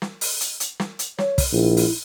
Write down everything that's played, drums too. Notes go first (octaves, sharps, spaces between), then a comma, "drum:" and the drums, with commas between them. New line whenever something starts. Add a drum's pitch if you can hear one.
drum: snare
drum: open hi-hat
drum: hi-hat
drum: hi-hat
drum: snare
drum: hi-hat
C#5, drum: snare
drum: kick, open hi-hat
A#1 E4
drum: open hi-hat